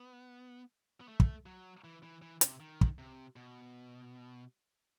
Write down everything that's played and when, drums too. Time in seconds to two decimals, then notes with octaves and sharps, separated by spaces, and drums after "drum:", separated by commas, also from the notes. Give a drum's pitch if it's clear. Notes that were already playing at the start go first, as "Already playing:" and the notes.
Already playing: B3
1.00 B3
1.08 A3
1.20 drum: kick
1.46 F#3
1.84 E3
2.03 E3
2.22 E3
2.41 C3, drum: hi-hat
2.60 D#3
2.81 drum: kick
2.98 C3
3.36 B2